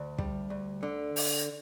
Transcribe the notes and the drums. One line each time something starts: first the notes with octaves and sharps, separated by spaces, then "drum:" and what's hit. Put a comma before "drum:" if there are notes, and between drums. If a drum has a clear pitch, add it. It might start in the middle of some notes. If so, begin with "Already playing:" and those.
Already playing: D2
G3, drum: kick
D2
D3
drum: open hi-hat